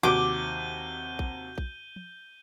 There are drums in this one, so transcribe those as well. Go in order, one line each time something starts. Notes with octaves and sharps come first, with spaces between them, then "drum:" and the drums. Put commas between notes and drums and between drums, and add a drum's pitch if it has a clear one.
D#2 C3 F#4 D6 G6 D#7 G7
drum: kick A#1
drum: kick A#1
drum: tom